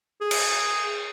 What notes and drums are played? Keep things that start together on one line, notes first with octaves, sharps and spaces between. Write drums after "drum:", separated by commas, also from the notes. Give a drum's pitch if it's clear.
G#4
drum: cymbal